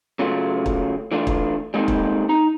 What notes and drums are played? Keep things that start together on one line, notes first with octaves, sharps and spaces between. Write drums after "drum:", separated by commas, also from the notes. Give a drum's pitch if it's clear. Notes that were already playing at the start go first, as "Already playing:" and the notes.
C#3 F#3 A3 F4
drum: kick
E3 A3 D4 F4
drum: kick
G3 G#3 A#3 C4 D#4 A4
drum: kick
D#4 A#5